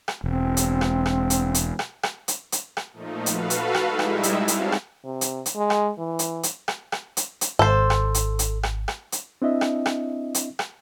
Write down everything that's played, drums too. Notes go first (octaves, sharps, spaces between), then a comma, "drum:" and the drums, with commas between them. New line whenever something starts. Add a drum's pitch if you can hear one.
drum: rim click
E1 C4
drum: hi-hat
drum: rim click
drum: rim click
drum: hi-hat
drum: hi-hat
drum: rim click
drum: rim click
drum: hi-hat
drum: hi-hat
drum: rim click
A#2 F3 A3 D#4
F#4 A4 B4 F5, drum: hi-hat
drum: hi-hat
drum: rim click
G3 G#3 D#4 E4 E5
drum: rim click
drum: hi-hat
C4 C#4 F#4 F5 A5, drum: hi-hat
drum: rim click
C3
drum: hi-hat
drum: hi-hat
G#3
drum: rim click
E3
drum: hi-hat
drum: hi-hat
drum: rim click
drum: rim click
drum: hi-hat
drum: hi-hat
G#1 A4 C5
drum: rim click
drum: hi-hat
drum: hi-hat
drum: rim click
drum: rim click
drum: hi-hat
C4 D4 E4 D#5 E5
drum: rim click
drum: rim click
drum: hi-hat
drum: rim click